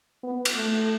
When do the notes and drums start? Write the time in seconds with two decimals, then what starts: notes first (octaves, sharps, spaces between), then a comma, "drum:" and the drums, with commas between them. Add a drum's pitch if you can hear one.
0.23 B3
0.45 drum: cymbal
0.55 A3